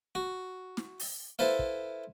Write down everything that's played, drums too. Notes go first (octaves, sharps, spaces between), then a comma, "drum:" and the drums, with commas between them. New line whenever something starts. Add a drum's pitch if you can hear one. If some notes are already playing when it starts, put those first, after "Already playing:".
F#4
drum: snare
drum: open hi-hat
E4 A4 B4 C5 F5
drum: kick